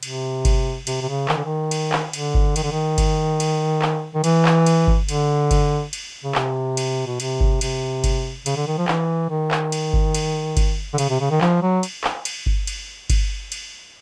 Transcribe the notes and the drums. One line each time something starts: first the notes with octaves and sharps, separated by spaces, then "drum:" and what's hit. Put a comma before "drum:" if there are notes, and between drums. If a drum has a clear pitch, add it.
C3, drum: cymbal
drum: kick G1, cymbal
C3, drum: cymbal
C3
C#3
D#3, drum: clap
D3
D#3
drum: cymbal
drum: clap
D3, drum: cymbal
drum: kick G1
D#3, drum: cymbal
D3
D#3
drum: kick G1, cymbal
drum: cymbal
drum: clap
D#3
E3, drum: cymbal
drum: clap
drum: cymbal
drum: kick G1
D3, drum: cymbal
drum: kick G1, cymbal
drum: cymbal
C#3
C3, drum: clap
drum: cymbal
B2
C3, drum: cymbal
drum: kick G1
C3, drum: cymbal
drum: kick G1, cymbal
C#3, drum: cymbal
D3
D#3
F3
E3, drum: clap
D#3
drum: clap
drum: cymbal
drum: kick G1
drum: cymbal
drum: kick G1, cymbal
D3
C#3, drum: cymbal
C3
C#3
D#3
F3, drum: clap
F#3
drum: cymbal
drum: clap
drum: cymbal
drum: kick G1
drum: cymbal
drum: kick G1, cymbal
drum: cymbal